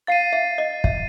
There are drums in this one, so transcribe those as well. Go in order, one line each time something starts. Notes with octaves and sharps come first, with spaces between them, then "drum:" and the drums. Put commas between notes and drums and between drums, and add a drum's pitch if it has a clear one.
F5 A6 C7 D#7
E5
D#5
E5, drum: kick